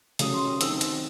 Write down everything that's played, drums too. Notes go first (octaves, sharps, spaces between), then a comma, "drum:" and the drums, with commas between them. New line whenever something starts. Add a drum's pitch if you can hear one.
C#3 F#3 C#4 D#6, drum: hi-hat
C6
D#6
D#3 F#3 C4 E6, drum: hi-hat
drum: hi-hat